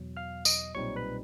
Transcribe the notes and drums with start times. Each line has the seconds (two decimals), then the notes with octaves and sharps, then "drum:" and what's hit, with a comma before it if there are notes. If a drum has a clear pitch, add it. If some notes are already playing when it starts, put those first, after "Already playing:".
Already playing: E2 B2 F#3
0.17 F5 F6
0.45 D#5 D#6, drum: tambourine
0.75 B1 A#2 G3 C4 D#4 C#5 C#6
0.96 B4 B5